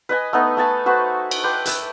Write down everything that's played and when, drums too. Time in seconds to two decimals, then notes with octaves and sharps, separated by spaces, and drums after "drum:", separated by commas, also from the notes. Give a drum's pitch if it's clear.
0.09 B4 D#5 G#5
0.33 A3 B3 D#4
0.57 A3 G#5 A5 B5
0.86 F#4 B4 C5 C#6
1.31 drum: cymbal
1.44 B4 G5 C6 D6
1.65 B4 E5, drum: hi-hat